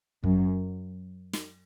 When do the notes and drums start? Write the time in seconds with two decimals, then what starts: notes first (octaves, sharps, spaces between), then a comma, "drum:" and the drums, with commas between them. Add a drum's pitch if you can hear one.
0.24 F#2, drum: kick
1.33 drum: snare